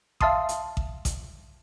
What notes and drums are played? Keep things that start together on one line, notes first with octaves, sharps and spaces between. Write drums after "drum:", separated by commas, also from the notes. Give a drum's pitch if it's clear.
E5 F5 A5 C6 D#6, drum: kick A1
drum: hi-hat
drum: kick A1
drum: kick A1, hi-hat